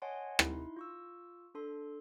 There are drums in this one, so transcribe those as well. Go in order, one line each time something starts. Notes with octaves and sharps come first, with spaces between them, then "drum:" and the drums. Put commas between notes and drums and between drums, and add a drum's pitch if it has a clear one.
C#5 D#5 F#5 G#5 A5 C6
D#4 E4 C6, drum: rim click
F4 C#6 E6
D4 A4 C6